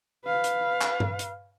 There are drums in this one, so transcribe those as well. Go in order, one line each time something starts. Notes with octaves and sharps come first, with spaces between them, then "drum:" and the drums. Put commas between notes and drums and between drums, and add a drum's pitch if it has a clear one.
B4 F5
drum: hi-hat
drum: clap
drum: tom G2
drum: hi-hat